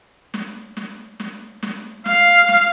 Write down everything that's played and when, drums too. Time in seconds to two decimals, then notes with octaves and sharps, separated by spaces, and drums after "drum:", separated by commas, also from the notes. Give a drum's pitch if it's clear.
0.34 drum: snare
0.77 drum: snare
1.20 drum: snare
1.63 drum: snare
2.06 F5, drum: snare
2.48 drum: snare